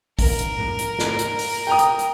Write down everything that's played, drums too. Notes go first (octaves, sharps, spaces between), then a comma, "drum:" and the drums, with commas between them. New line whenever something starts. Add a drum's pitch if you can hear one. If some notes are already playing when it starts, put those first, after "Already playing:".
A#4, drum: kick, open hi-hat
drum: hi-hat
drum: tom G#2
drum: hi-hat
drum: snare
drum: hi-hat
drum: open hi-hat
G5 A#5 D#6
drum: hi-hat
drum: hi-hat